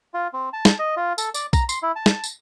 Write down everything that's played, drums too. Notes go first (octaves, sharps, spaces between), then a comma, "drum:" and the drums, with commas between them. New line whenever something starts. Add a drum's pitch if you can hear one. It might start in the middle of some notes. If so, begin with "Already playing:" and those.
F4
C4
A5
drum: snare
D#5
F4
A4, drum: tambourine
D5, drum: tambourine
A#5, drum: kick, tambourine
C6, drum: tambourine
E4
A5
drum: snare
drum: tambourine